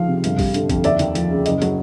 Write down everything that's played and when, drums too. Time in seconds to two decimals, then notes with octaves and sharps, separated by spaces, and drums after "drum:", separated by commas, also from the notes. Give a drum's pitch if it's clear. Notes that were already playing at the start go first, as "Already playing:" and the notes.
Already playing: C#2 D#3 F3 F5
0.08 C3
0.24 G1, drum: hi-hat
0.39 G3, drum: kick A1, open hi-hat
0.54 D3, drum: hi-hat
0.70 F2, drum: kick A1, hi-hat
0.84 D#2 D5 E5, drum: hi-hat
0.99 D#2, drum: hi-hat
1.15 F3, drum: hi-hat
1.30 C#3
1.46 F#1 D#5, drum: hi-hat
1.62 F#3, drum: hi-hat